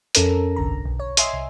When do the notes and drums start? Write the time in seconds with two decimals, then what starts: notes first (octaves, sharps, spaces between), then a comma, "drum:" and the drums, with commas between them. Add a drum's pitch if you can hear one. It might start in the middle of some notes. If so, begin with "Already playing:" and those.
0.15 F2 C#4 A4 A#4 A#5, drum: hi-hat
0.56 G1 C2 D3 A#5
0.85 B1
1.00 C#5
1.17 D#5 E5 G#5 C6 C7, drum: hi-hat
1.33 C2